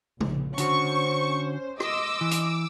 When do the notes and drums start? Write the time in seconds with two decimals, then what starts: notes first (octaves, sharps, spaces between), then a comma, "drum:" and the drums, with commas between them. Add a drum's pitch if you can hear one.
0.21 A#1, drum: tom
0.58 D3 C#4 F#4 C5 C#6, drum: hi-hat
1.80 D#5 C6 D6 E6, drum: rim click
2.21 E3
2.31 drum: hi-hat